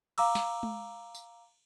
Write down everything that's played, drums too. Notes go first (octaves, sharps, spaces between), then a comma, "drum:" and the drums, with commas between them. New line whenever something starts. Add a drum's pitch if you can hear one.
F5 A#5 D6 E6, drum: cymbal
drum: snare
drum: tom G#3
drum: tambourine